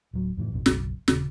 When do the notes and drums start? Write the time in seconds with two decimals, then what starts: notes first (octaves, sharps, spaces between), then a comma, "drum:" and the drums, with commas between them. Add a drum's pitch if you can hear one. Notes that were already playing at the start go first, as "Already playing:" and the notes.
0.13 D1 F#3
0.37 F2 A2 D#3 E3
0.52 A#1 F2 B2
0.66 F#1 B1 B2, drum: snare
1.08 D#1 E2 C#3, drum: snare